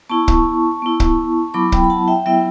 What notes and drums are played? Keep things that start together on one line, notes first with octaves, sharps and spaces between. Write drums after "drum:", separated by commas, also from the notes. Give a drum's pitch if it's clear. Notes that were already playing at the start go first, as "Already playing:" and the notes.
B3 E4 A5 C#6
drum: kick
B3 E4
drum: kick
F#3 B3 E4 B5 D6
G5 B5, drum: kick
B5
F#5 A5
E5 G5
F#3 B3 E4 E5 G5